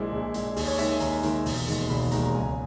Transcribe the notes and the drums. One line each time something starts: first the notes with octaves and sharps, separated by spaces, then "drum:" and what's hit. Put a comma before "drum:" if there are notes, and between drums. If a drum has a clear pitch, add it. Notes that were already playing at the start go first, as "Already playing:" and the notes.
Already playing: A#1 A#2 G#3 E4
A#1
A#2 G#3, drum: hi-hat
D#2 G#4, drum: open hi-hat
C#5
D#3 G#3 E5, drum: hi-hat
G#5
D#2 A#5, drum: hi-hat
D#3 G#3, drum: hi-hat
E1, drum: open hi-hat
D#2 D#3 G#3, drum: hi-hat
E1 B5
D#2 D#3 G#3 A#5, drum: hi-hat
A#5
C#2 G#5